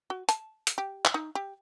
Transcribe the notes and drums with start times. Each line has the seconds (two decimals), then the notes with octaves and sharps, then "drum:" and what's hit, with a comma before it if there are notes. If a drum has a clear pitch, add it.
0.10 F#4
0.29 A5, drum: hi-hat
0.67 drum: hi-hat
0.78 G4
1.05 drum: clap
1.14 D#4
1.35 G4